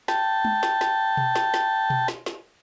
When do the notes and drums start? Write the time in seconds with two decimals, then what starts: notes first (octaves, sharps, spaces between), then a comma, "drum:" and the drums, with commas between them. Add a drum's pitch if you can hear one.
0.08 G5 A5, drum: snare
0.45 drum: tom G#3
0.63 drum: snare
0.81 drum: snare
1.17 drum: tom B2
1.36 drum: snare
1.54 drum: snare
1.90 drum: tom B2
2.08 drum: snare
2.26 drum: snare